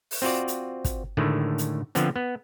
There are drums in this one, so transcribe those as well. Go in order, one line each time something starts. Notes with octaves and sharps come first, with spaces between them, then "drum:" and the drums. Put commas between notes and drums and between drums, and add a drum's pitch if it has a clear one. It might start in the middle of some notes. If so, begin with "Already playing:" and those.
drum: open hi-hat
C4 F4 F#4 D5
drum: hi-hat
drum: kick, hi-hat
A2 D3 D#3 G#3 A3
drum: hi-hat
D3 F3 B3 C4, drum: hi-hat
B3